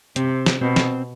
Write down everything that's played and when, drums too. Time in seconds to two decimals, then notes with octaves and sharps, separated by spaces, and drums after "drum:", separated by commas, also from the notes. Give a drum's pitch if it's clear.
0.16 C3 C4, drum: hi-hat
0.46 drum: snare
0.61 B2 C4
0.76 drum: snare